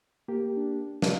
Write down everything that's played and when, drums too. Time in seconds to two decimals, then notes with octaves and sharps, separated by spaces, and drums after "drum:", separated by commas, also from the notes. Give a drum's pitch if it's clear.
0.28 A#3 G4
0.56 D4
1.02 C3 D#5 F5 A5, drum: snare